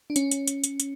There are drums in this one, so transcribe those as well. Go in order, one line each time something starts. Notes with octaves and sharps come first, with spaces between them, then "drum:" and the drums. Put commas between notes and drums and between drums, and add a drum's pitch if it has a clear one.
D4
C#4, drum: hi-hat
drum: hi-hat
drum: hi-hat
drum: hi-hat
drum: hi-hat